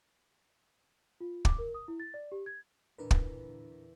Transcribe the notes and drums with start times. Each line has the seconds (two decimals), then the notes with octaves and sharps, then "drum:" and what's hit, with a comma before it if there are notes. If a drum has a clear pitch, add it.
1.20 F4
1.45 D6, drum: kick
1.58 A#4
1.74 D#6
1.88 E4
2.00 A6
2.14 D5
2.32 G4
2.46 G#6
2.98 E2 A#2 D3 D4 A#4 B4
3.11 drum: kick